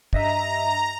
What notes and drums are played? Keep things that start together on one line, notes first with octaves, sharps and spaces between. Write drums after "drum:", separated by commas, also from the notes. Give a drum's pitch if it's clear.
G2 D#5 E5 A#5, drum: kick